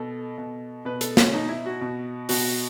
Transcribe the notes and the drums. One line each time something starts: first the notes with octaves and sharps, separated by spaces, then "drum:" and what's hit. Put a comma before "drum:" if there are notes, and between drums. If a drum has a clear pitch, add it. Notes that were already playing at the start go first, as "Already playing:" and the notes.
Already playing: B2 A4
B2
B2 B4
A4, drum: hi-hat
C#4, drum: snare
B2 D#4
E4
F#4
B2
B2 F#4, drum: open hi-hat